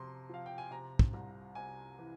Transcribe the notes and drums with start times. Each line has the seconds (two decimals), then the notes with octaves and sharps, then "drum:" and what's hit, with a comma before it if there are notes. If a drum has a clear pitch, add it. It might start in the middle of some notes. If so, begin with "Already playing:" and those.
Already playing: F2 C3 A#5 C6
0.29 F3 F5
0.46 G5
0.58 G#5
0.71 C3 A#5
0.99 drum: kick
1.14 C2
1.55 C3 G#5
1.98 E3